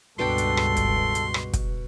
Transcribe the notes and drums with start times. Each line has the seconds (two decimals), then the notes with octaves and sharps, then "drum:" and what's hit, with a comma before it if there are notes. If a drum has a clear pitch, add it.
0.19 C#2 G2 B2 D4 A4 G5 C6
0.38 drum: hi-hat
0.57 drum: rim click
0.77 drum: kick, hi-hat
1.15 drum: hi-hat
1.34 drum: rim click
1.53 drum: kick, hi-hat